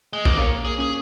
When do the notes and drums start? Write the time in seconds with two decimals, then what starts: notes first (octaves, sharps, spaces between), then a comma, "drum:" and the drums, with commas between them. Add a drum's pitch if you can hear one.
0.13 G#3
0.25 A#3, drum: kick A#1
0.37 A#3 C#4
0.65 G#4
0.78 C#4 G#4